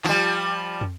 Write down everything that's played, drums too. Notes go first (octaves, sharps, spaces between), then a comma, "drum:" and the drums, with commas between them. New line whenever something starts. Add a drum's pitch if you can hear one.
F3 G3, drum: clap
drum: tom